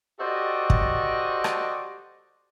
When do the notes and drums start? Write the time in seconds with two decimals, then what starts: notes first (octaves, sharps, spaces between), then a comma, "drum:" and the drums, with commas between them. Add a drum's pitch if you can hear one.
0.20 F#4 G4 A4 C5 D5 D#5
0.70 drum: kick
1.44 drum: rim click